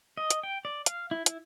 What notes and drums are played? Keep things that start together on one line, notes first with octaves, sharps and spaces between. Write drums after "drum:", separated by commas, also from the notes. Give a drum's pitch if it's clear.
D#5
drum: hi-hat
G5
D5
F5, drum: hi-hat
E4
E4, drum: hi-hat